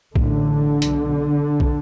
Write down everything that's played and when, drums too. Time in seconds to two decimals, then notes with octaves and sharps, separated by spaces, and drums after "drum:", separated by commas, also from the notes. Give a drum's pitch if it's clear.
0.16 A1 A2 D3, drum: kick
0.82 B1 B2, drum: hi-hat
1.60 drum: kick